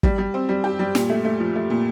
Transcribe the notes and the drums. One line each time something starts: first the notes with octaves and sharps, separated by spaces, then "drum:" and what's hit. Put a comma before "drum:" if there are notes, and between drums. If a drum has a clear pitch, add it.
G3, drum: kick
G3
C4
G3
G4
G3
A#2, drum: snare
A3
A3
F3
A3
A#2